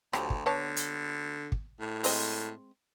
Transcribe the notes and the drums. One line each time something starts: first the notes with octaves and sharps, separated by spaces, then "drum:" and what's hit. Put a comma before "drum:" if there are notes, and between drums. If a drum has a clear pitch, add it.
D2 F3 F#3 G4, drum: rim click
drum: kick
D3 B3 C#5 A5
drum: hi-hat
drum: kick
A2
G#3 C4 D#5, drum: open hi-hat